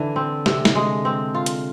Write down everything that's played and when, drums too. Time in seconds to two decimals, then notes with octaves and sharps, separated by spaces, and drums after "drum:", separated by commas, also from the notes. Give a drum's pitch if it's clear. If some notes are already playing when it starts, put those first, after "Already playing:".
Already playing: D3 E3 D4
0.16 C4
0.46 C3, drum: snare
0.65 drum: snare
0.75 G#3
1.05 C4
1.34 F4
1.46 drum: hi-hat